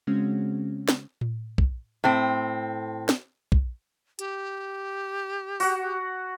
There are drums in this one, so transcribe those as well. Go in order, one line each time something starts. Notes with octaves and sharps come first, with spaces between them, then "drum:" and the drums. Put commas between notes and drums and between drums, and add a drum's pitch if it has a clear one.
C#3 G#3 C4 C#4 F#4
drum: snare
drum: tom A2
drum: kick
A2 C4
drum: snare
drum: kick
G4, drum: hi-hat
F#4 F#5, drum: open hi-hat